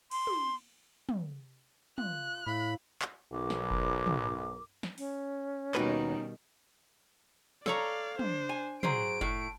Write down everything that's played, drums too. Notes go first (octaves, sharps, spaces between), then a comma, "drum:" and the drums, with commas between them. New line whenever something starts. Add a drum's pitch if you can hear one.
C6, drum: cymbal
drum: tom
drum: tom
F4 F#6, drum: tom
A2 E4 F5 B5
drum: clap
B1 A#4 D6
drum: snare
drum: kick F#1
drum: tom
drum: snare
C#4, drum: open hi-hat
D#2 B2 D#3 G3 D#4 F#4 B4, drum: clap
A4 C#5 D5 F5 A#5, drum: snare
D4 C5, drum: tom
G#5
F#3 G#4 C5 D7, drum: tom
A2, drum: kick F#1